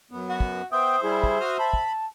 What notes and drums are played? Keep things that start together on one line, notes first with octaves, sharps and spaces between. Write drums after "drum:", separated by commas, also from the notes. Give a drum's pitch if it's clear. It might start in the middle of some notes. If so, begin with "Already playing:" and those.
F#2 B3
F#4
drum: kick
B3 C5 E5 G5 D#6
G3 E4 G#4
drum: kick
F#4 D#6 F6
A5 B5
drum: kick